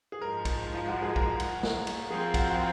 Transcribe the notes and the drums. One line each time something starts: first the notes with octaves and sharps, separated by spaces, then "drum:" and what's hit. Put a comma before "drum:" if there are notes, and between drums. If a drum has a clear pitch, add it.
G#4
G#2 F3 G#3 A#4
drum: kick, cymbal
F4
F#4
G#4
A#4, drum: kick
drum: cymbal
drum: snare
drum: cymbal
F3 C4 F4 G#4 A#4
F#4, drum: kick, cymbal
F#4